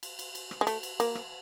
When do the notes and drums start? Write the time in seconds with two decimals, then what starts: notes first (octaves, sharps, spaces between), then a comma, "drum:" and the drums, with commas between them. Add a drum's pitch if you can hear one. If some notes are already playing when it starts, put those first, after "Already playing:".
0.03 drum: cymbal
0.19 drum: cymbal
0.35 drum: cymbal
0.51 drum: rim click
0.61 G#3
0.67 A3, drum: cymbal
0.83 drum: cymbal
1.00 A#3, drum: cymbal
1.15 drum: rim click